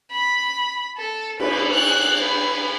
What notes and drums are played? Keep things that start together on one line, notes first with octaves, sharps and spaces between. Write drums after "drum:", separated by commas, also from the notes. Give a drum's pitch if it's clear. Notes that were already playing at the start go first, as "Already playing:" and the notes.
B5
A4
B4, drum: cymbal
F#6
B4